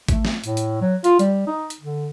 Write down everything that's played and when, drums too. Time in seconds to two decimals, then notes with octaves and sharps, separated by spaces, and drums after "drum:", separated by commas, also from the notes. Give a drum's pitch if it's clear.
0.08 A3, drum: kick A1, hi-hat
0.25 drum: snare
0.44 A2, drum: hi-hat
0.57 drum: hi-hat
0.81 F#3
1.04 F4, drum: hi-hat
1.19 G3, drum: hi-hat
1.47 D#4
1.70 drum: hi-hat
1.81 D3